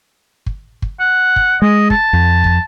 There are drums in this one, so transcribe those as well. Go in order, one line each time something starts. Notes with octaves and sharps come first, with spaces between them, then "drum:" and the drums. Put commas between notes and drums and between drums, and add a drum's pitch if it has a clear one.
drum: kick
drum: kick
F#5
drum: kick
G#3 D#5
A5, drum: kick
F2
drum: kick